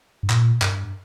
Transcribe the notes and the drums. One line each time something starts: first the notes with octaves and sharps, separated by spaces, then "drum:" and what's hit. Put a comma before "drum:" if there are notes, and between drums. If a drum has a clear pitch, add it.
G2
A#2, drum: clap
G2, drum: clap